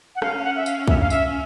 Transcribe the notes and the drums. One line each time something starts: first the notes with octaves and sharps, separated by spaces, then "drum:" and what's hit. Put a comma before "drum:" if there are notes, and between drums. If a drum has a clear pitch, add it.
F#5
C#4 F5, drum: rim click
F5
F#5
E5
F5, drum: tambourine
E5, drum: kick
F5
E5, drum: tambourine